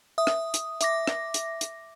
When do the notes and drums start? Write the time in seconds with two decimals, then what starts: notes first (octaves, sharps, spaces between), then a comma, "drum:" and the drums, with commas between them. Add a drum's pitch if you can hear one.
0.18 E5 D#6
0.27 drum: rim click
0.54 drum: hi-hat
0.81 E5 D6 A#6, drum: hi-hat
1.07 drum: rim click
1.34 drum: hi-hat
1.61 drum: hi-hat